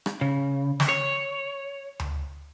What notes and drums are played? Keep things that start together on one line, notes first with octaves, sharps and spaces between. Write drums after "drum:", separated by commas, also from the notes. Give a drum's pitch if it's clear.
drum: rim click
C#3
drum: snare
C#5
drum: tom D2